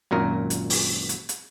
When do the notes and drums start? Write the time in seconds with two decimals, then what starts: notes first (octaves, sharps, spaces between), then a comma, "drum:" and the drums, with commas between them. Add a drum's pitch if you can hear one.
0.11 G#1 F#2 A#2 A#4
0.50 drum: hi-hat
0.70 drum: open hi-hat
1.09 drum: hi-hat
1.29 drum: hi-hat